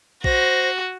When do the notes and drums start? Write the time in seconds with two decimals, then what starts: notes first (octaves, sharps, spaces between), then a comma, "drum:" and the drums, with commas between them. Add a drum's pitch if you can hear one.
0.24 F#4 C5 A#6, drum: kick A#1